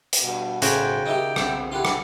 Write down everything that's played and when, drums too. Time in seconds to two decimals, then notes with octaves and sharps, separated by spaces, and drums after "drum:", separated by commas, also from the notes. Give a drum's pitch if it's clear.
0.13 drum: hi-hat
0.22 G2 B2 F#4
0.62 B1 A2 C#3 F#4 C5 G5, drum: hi-hat
1.06 D#3 D#4 E4 G4
1.36 B3 C4 E5, drum: rim click
1.72 E4 F4 G4 F#5
1.85 drum: rim click